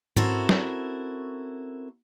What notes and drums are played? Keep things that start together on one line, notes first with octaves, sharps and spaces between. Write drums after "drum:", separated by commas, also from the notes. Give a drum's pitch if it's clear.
C4 C#4 E4 F#4 A4 A#4, drum: tom G#2
drum: snare